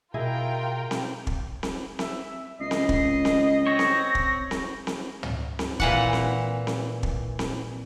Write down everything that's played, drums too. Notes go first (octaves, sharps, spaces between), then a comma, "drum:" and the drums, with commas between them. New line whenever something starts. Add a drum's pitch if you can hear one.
B2 E4 F4 G#4 A#4 D#5 G5
drum: snare C4
drum: kick
drum: snare C4
E5, drum: snare C4
C#2 D#5 C7
drum: snare C4
drum: kick
drum: snare C4
C4 C#5 A#6
drum: snare C4
drum: kick
drum: snare C4
drum: snare C4
drum: tom
drum: snare C4
A#2 E3 F#5, drum: kick
drum: snare C4
drum: snare C4
drum: kick
drum: snare C4